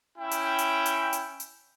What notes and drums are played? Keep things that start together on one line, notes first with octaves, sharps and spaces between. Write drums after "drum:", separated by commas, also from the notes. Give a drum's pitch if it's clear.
C#4 E4 G5
drum: hi-hat
drum: hi-hat
drum: hi-hat
drum: hi-hat
drum: hi-hat